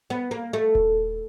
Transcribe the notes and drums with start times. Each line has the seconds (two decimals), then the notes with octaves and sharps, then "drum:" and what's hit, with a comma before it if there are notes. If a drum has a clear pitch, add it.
0.10 B3
0.31 A#3
0.53 A3
0.75 drum: kick D#1